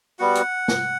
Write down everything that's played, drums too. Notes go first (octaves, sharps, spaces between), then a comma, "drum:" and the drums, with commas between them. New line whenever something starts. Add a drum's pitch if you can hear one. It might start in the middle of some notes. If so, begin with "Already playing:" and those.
G3 B3 F#4 F#5
drum: hi-hat
drum: snare